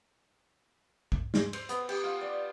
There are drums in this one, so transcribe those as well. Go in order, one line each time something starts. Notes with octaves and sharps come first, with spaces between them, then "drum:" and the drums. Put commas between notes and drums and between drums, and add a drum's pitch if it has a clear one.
drum: kick
C6, drum: snare
C5, drum: cymbal
B3, drum: hi-hat
G4, drum: cymbal
F4
D5